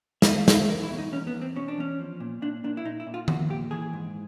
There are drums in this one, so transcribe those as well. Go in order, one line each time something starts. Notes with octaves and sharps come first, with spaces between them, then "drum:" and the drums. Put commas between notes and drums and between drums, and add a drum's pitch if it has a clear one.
E5, drum: snare
E2 D#5
F5
E2 E5, drum: snare
F5
E5
E2 A#4
E4
B2
D#4
E2 C#4
B3
E2
C4
B2 C#4
D4
E2 C#4
F3
A#2
A#2 D4
A#2 D4
E4
A#2 D#4
E4
A#2
F4
F3 F#4, drum: tom D#3
A#2 G4
E3 G#4
G#2